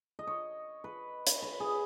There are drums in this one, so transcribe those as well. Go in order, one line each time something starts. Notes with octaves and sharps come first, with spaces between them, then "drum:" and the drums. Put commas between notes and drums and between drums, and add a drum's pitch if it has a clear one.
D#5
C#5
B4
drum: hi-hat
B4
G#4